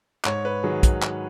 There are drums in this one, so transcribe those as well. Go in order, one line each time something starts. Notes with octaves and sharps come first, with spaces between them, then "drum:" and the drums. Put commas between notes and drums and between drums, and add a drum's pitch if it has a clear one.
G#2 C#5, drum: clap
B4
D#3 F#3 G#4
drum: kick, hi-hat
drum: clap